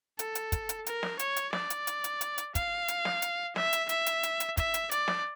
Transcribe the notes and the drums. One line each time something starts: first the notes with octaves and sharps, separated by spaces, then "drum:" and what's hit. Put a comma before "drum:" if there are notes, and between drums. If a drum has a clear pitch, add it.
A4, drum: hi-hat
drum: hi-hat
drum: kick, hi-hat
drum: hi-hat
A#4, drum: hi-hat
drum: snare
C#5, drum: hi-hat
drum: hi-hat
D5, drum: snare
drum: hi-hat
drum: hi-hat
drum: hi-hat
drum: hi-hat
drum: hi-hat
F5, drum: kick, hi-hat
drum: hi-hat
drum: snare
drum: hi-hat
E5, drum: snare
drum: hi-hat
E5, drum: hi-hat
drum: hi-hat
drum: hi-hat
drum: hi-hat
E5, drum: kick, hi-hat
drum: hi-hat
D5, drum: hi-hat
drum: snare